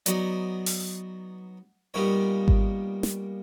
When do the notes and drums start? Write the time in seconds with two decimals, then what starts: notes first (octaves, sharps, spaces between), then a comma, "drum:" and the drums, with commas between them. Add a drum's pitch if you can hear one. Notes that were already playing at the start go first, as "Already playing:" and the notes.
0.06 F#3 B3 D#4 D5, drum: hi-hat
0.66 drum: open hi-hat
1.94 A#2 G3 B3 D#4 C#5
2.48 drum: kick G#1
3.03 drum: snare